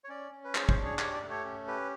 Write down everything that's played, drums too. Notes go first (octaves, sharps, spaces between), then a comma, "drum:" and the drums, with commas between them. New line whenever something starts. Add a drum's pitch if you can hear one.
C#5
C#4 D5
C#4
B4
G#4 C5, drum: clap
C5, drum: kick
D4
C#5
G4 C#5, drum: clap
D5
A3
C#5
C#4
G4 B4